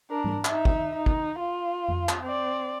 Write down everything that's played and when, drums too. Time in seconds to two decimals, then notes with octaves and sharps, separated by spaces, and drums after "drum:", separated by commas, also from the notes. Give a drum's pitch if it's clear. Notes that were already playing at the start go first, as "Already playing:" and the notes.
0.10 D4 A#4
0.24 drum: tom G#2
0.45 D#4 E5, drum: clap
0.65 drum: kick
0.95 D#4
1.06 drum: kick
1.40 F4
1.88 drum: tom F2
2.09 drum: clap
2.24 C4 D5